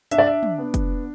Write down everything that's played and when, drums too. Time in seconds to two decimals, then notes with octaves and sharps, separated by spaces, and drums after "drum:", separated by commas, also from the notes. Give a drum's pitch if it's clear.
0.11 D4 E5, drum: hi-hat
0.18 D5
0.26 E5
0.43 drum: tom
0.58 B3
0.74 drum: kick, hi-hat